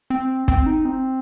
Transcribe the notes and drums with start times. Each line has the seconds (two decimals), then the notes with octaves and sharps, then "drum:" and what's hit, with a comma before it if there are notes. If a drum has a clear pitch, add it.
0.10 C4
0.48 C4, drum: kick
0.66 D#4
0.85 C4